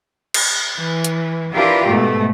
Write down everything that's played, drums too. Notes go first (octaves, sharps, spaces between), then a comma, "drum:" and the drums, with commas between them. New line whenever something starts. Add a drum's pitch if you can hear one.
drum: cymbal
E3
drum: hi-hat
E3 D4 E4 F4 G4 A#4
G#2 B2 A3